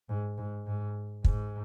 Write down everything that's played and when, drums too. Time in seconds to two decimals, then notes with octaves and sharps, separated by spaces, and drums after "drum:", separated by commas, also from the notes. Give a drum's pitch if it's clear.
0.09 G#2
0.38 G#2
0.67 G#2
1.24 G#2, drum: kick